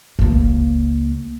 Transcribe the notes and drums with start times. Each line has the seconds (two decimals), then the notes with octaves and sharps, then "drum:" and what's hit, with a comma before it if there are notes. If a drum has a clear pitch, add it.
0.19 C#2 A#3, drum: kick F1